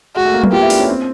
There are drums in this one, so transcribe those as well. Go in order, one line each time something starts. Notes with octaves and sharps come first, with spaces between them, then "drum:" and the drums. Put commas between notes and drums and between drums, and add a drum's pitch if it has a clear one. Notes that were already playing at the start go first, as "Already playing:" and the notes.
G#3 F#4
A3
A#3
B3, drum: tom F#3
F4 G4
E4
D4, drum: open hi-hat
C#4
C4